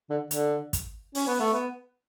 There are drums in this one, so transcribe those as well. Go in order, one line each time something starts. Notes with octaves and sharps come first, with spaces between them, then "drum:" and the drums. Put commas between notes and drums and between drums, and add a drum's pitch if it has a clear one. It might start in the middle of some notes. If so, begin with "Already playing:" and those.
D3
D3, drum: hi-hat
drum: kick, hi-hat
C#4, drum: open hi-hat
B3
A3
B3